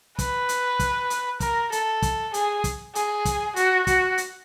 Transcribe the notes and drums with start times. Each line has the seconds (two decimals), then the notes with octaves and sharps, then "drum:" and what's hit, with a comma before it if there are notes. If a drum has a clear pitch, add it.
0.19 B4, drum: kick, hi-hat
0.49 drum: hi-hat
0.79 drum: kick, hi-hat
1.10 drum: hi-hat
1.40 A#4, drum: kick, hi-hat
1.72 A4, drum: hi-hat
2.02 drum: kick, hi-hat
2.34 G#4, drum: hi-hat
2.64 drum: kick, hi-hat
2.95 G#4, drum: hi-hat
3.25 drum: kick, hi-hat
3.56 F#4, drum: hi-hat
3.87 F#4, drum: kick, hi-hat
4.18 drum: hi-hat